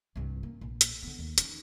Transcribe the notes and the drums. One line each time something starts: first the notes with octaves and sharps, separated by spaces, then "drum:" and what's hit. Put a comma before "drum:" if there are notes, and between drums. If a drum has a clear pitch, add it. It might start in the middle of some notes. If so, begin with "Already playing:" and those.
C2 G2
A#3 C#4
A#1
drum: hi-hat
D3 B3
D#2
C#4 D#4, drum: hi-hat